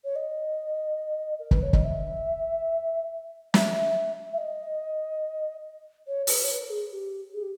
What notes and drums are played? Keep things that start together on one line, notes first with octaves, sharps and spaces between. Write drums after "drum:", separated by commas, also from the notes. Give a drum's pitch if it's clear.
C#5
D#5
A#4
B4, drum: kick
C#5
D#5, drum: kick
E5
E5, drum: snare
E5
D#5
C#5
B4, drum: open hi-hat
C#5
B4
A#4
G#4
G4
G#4
G4